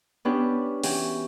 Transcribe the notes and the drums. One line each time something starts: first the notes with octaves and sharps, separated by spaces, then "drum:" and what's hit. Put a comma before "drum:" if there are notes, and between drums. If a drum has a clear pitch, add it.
B3 C#4 D4 G4 B4
E3 C#4 F#4 G4, drum: open hi-hat